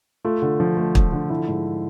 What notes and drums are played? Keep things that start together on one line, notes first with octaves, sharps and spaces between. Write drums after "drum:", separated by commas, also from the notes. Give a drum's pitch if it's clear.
A3 F4
D3
F3
A3
F3, drum: kick
D3
F3 E4
G#2